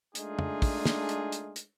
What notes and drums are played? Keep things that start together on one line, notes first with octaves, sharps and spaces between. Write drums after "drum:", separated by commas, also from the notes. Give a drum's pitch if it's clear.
G#3 A3 D4 D#4 F4 G#4, drum: hi-hat
drum: tom
drum: kick, open hi-hat
drum: snare
drum: hi-hat
drum: hi-hat
drum: hi-hat